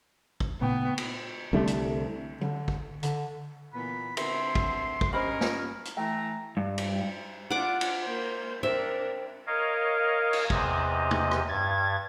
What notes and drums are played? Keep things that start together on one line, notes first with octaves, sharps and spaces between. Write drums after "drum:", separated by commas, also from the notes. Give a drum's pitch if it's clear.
drum: kick
A#2 C#3 A3 B3 D#4 G5
drum: cymbal
C2 D3 G3 A3
drum: hi-hat
D3, drum: tom F#3
drum: kick
D3, drum: hi-hat
A#2 E3 B3 B5
D3 C4 A#4 B4 E5 C6, drum: cymbal
drum: kick
drum: kick
G2 C#4 A#4 C5 D#5 B5
drum: snare
drum: hi-hat
E3 A3 G5 A#5
G2
drum: cymbal
D4 F4 F#5 D6
drum: cymbal
A#3 C5
C4 D4 A#4 E5
A#4 C#5 D#5 F5
drum: cymbal
E2 C3 D#5, drum: kick
drum: tom
drum: rim click
G2 G#6 A6